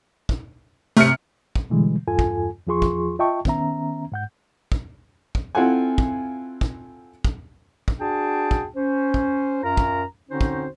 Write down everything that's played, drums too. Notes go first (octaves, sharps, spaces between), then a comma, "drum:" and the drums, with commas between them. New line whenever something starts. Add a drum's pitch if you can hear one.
drum: kick
C3 A3 F6 C#7
drum: kick
B2 D3 E3 G3 G#3
E2 G2 F4 A4 G#5
drum: kick
E2 F3 F4 G#4 C6 C#6
drum: kick
F4 D#5 E5 G5 A5 C#6
D#3 B3 C#4 E5 A#5, drum: kick
G#2 F#5 G6
drum: kick
drum: kick
C4 E4 F4 A4 F#5 G#5
drum: kick
drum: kick
drum: kick
drum: kick
D4 F#4 G#4 G5 A5
drum: kick
C#4 C5
drum: kick
F#2 C#4 F4 A#4 A#5
drum: kick
D3 C4 C#4 D#4 F#4 C5
drum: kick